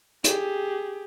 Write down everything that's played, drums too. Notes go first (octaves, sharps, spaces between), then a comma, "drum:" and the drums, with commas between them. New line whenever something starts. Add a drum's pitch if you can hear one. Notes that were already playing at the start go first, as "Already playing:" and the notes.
G4 G#4, drum: hi-hat